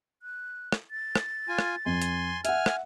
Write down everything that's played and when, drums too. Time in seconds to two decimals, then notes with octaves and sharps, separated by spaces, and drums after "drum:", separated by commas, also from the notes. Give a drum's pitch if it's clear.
0.22 F#6
0.72 drum: rim click
0.91 A6
1.15 drum: rim click
1.49 F4 G#5
1.59 drum: rim click
1.86 F2 G#5 C6
2.02 drum: hi-hat
2.45 E5 F#5 G#5 F6, drum: hi-hat
2.66 drum: rim click